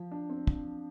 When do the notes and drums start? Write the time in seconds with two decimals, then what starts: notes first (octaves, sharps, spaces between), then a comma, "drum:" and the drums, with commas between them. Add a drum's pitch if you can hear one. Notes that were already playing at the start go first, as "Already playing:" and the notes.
Already playing: F3
0.12 D4
0.30 C4
0.47 drum: kick